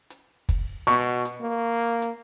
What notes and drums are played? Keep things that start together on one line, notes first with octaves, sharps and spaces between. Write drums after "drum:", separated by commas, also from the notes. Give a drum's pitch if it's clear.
drum: hi-hat
drum: kick, hi-hat
B2 C#6
drum: hi-hat
A#3
drum: hi-hat